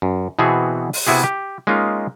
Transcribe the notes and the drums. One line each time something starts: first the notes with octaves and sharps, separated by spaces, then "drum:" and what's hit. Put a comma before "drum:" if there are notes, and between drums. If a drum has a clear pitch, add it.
F#2
B2 E3 B3 C4 F#4 G#4
drum: open hi-hat
C3 B3 E4 F#4 G#4
G4
G#3 A#3 C#4 D#4 F4